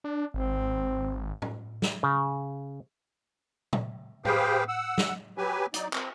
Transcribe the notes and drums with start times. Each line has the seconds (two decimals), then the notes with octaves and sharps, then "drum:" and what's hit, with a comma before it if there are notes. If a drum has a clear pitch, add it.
0.04 D4
0.34 G#1 C4
1.42 drum: tom A2
1.82 drum: snare
2.03 C#3
3.73 drum: tom A#2
4.25 G4 G#4 B4 C5 F5 G5, drum: tom A2
4.68 F#5 E6
4.98 drum: snare
5.38 F#3 G4 B4 G#5
5.74 F#3 D#4 D5, drum: hi-hat
5.93 C4, drum: clap